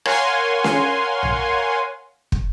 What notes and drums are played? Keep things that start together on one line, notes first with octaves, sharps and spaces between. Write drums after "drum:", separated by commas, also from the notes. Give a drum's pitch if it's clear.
A#4 C#5 F5 F#5 G#5 C6, drum: rim click
drum: snare C#4
drum: tom A#1
drum: kick